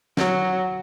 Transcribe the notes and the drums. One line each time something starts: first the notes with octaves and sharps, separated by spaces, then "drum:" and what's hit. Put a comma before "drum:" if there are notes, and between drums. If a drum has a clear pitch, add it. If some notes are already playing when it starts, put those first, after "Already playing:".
F#3, drum: snare